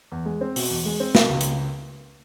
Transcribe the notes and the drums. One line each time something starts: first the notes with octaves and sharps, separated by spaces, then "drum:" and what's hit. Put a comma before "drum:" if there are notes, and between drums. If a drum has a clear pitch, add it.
E2
G#3
C4
B2, drum: open hi-hat
E2
G#3
C4
B2, drum: snare
C#2
drum: hi-hat